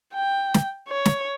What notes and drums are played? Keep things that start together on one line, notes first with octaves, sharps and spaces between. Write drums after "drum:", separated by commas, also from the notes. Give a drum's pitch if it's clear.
G5
drum: snare
C#5
drum: snare